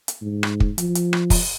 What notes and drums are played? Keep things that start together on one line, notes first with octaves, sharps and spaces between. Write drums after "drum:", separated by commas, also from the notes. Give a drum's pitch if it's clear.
drum: hi-hat
G#2
drum: rim click
drum: kick
F3, drum: hi-hat
drum: hi-hat
drum: rim click
drum: kick, open hi-hat